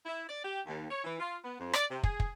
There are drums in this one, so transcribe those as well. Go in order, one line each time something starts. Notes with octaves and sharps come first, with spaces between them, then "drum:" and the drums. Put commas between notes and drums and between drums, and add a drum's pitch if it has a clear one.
E4
D5
G4
D#2
C#5
E3
F4
B3
F2
D5, drum: rim click
C3
G#4, drum: kick
drum: kick